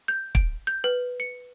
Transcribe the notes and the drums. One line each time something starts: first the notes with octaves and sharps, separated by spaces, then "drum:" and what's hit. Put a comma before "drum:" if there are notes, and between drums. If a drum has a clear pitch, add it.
G6
D7, drum: kick
G6
B4
C#7